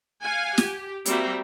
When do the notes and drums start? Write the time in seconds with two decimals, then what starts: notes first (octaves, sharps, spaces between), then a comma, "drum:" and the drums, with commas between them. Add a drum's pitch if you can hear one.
0.21 F5 F#5 G#5
0.58 G4, drum: snare
1.06 G3 A#3 C4 F#4 E5 A#5, drum: hi-hat